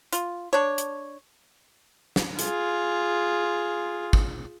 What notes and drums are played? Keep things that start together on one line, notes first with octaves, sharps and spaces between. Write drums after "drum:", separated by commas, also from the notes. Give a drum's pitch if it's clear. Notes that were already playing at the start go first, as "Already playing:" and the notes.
F4, drum: hi-hat
D4 C#5
drum: hi-hat
drum: snare
F4 G#4, drum: hi-hat
drum: kick